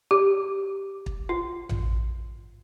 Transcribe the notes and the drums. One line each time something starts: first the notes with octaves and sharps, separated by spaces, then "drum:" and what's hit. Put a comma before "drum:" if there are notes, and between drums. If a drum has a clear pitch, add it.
G4
drum: kick
F4
drum: tom A1